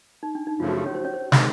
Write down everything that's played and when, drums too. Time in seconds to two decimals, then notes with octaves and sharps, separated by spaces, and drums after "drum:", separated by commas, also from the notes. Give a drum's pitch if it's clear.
0.23 D#4
0.35 D4
0.47 D#4
0.59 F#2 C#3 F3 A3 F4
0.69 F#4
0.77 G4
0.86 C#4 C#5
0.95 C5
1.05 C#4 C#5
1.14 C5
1.32 C3 D#3 G#3, drum: snare